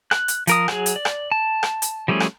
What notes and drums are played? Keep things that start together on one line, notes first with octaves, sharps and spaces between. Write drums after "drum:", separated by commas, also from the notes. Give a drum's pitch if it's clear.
F#6, drum: rim click
drum: hi-hat
F3 A#4 D#6, drum: hi-hat
F#3 G#4, drum: rim click
drum: hi-hat
D5
drum: rim click
A5
drum: rim click
drum: hi-hat
F3 G3 A3 C#4 G#4
drum: rim click